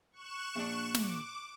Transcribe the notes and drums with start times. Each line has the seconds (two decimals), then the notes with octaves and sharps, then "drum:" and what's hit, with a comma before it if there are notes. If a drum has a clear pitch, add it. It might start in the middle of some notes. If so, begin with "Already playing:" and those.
0.12 C#6 F#6 E7
0.56 A#1 D4
0.94 D6, drum: snare